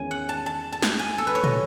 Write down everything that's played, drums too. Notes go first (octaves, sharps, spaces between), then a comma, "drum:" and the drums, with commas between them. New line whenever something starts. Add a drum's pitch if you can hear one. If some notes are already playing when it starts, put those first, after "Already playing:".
Already playing: E2 D#3 G#3 C#4 G#5
F#5
A5
A5
A5
drum: snare
G#5
A4
B4
C#5
D#5, drum: tom